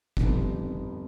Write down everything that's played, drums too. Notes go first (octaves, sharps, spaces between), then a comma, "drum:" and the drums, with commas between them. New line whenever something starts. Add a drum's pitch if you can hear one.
G1 F2 D#3 G3, drum: kick